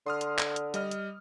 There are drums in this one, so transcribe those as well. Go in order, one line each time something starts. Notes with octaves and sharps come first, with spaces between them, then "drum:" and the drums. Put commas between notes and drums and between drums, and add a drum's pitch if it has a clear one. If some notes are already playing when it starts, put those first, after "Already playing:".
D3 C6 D#6 F6
drum: hi-hat
drum: clap
drum: hi-hat
G3 D#5 F6, drum: hi-hat
drum: hi-hat